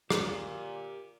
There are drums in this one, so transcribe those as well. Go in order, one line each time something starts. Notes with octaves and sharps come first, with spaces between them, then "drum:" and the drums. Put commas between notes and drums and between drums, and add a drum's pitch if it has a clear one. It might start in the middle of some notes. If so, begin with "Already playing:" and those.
A#2 G4 A#5, drum: rim click